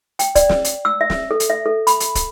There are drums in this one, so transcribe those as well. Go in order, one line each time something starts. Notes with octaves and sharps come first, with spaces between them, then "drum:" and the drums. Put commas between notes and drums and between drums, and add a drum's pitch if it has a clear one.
G5, drum: hi-hat
D5, drum: kick, hi-hat
drum: snare
drum: hi-hat
E6
E5
drum: snare
A4
drum: hi-hat
E5
A4
B5, drum: hi-hat
drum: hi-hat
drum: kick, hi-hat